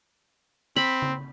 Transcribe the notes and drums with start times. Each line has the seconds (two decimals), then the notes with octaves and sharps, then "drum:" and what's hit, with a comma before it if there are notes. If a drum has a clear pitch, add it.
0.76 C4 B5
1.02 drum: tom C#3